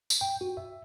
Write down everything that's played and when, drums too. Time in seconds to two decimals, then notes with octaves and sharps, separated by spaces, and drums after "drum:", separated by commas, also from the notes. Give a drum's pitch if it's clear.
0.10 drum: tambourine
0.21 G5
0.41 F#4
0.57 E5